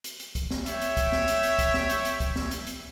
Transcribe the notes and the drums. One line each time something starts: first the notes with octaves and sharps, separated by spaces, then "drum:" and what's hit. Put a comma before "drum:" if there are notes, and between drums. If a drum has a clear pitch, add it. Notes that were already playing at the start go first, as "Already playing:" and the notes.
drum: hi-hat
drum: hi-hat
drum: kick, hi-hat
drum: snare C4
C#5 E5 G5, drum: hi-hat
drum: hi-hat
drum: kick, hi-hat
drum: snare C4
drum: hi-hat
drum: hi-hat
drum: kick, hi-hat
drum: snare C4
drum: hi-hat
drum: hi-hat
drum: kick, hi-hat
drum: snare C4
drum: hi-hat
drum: hi-hat